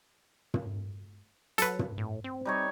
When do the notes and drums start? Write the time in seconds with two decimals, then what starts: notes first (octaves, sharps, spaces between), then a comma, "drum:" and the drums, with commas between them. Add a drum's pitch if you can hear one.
0.54 drum: tom
1.58 F#3 A4 B4, drum: hi-hat
1.79 drum: tom
1.98 A2
2.24 C4
2.45 G3 D#4 C#5